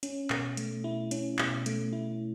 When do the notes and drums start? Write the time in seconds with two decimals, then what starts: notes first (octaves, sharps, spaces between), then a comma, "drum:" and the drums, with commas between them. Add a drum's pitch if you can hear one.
0.03 C#4, drum: hi-hat
0.30 B2, drum: clap
0.57 A3, drum: hi-hat
0.84 E4
1.11 C#4, drum: hi-hat
1.39 B2, drum: clap
1.66 A3, drum: hi-hat
1.93 E4